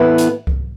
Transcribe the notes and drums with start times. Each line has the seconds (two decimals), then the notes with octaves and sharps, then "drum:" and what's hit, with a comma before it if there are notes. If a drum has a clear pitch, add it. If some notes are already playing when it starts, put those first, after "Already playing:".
Already playing: A2 E3 B3 E4
0.18 drum: hi-hat
0.47 drum: kick C2